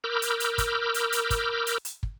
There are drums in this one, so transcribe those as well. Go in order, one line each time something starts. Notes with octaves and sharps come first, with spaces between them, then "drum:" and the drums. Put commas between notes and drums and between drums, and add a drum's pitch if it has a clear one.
A#4 B5 D6 E6 F6 G6
drum: hi-hat
drum: hi-hat
drum: kick, hi-hat
drum: hi-hat
drum: hi-hat
drum: kick, hi-hat
drum: hi-hat
drum: hi-hat
drum: kick